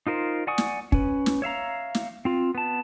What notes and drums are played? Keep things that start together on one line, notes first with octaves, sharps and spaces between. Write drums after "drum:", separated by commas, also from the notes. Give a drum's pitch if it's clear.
D#4 F4 A#4 C5
D5 F#5 G#5 C#6 D#6
drum: snare
C#4 B4, drum: kick
drum: snare
C#5 E5 F5 A#5
drum: snare
C4 F4
B3 A5